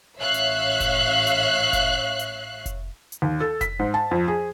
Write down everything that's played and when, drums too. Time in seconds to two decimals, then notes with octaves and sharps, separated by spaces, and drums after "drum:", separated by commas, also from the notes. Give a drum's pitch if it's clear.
0.18 A1 C#5 E5 F5 F#6 C7
0.34 drum: hi-hat
0.80 drum: kick F1, hi-hat
1.27 drum: hi-hat
1.73 drum: kick F1, hi-hat
2.19 drum: hi-hat
2.66 drum: kick F1, hi-hat
3.12 drum: hi-hat
3.22 D#2
3.40 A4
3.61 B6, drum: kick F1, hi-hat
3.79 G#2
3.94 A5
4.11 F2
4.28 G#4